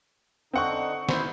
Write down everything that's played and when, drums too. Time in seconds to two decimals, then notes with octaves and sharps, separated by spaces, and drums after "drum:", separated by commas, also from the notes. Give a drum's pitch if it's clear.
0.53 D3 C4 D#4 F#5 C#6
1.09 E4 C5, drum: snare